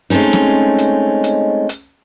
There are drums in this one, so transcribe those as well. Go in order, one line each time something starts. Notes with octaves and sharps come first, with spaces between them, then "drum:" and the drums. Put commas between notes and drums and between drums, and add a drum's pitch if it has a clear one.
G#3 A3 C4 C#4 D#4
drum: snare
drum: hi-hat
drum: hi-hat
drum: hi-hat